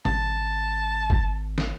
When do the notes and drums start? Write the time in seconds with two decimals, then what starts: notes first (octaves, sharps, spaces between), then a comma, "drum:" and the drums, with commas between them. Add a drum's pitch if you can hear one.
0.05 G#1 A5, drum: tom A#2
1.10 drum: kick
1.58 drum: snare